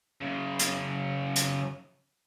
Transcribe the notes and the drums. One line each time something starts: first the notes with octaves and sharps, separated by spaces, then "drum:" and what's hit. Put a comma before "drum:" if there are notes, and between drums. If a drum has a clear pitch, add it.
F#2 C#3
drum: hi-hat
drum: hi-hat